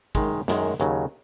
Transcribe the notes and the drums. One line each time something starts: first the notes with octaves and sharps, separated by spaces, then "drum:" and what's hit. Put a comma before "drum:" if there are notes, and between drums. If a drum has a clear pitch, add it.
F#2 D#3 G#3, drum: kick, hi-hat
F#2 D#3 G#3, drum: snare
D#2 C#3 F#3, drum: hi-hat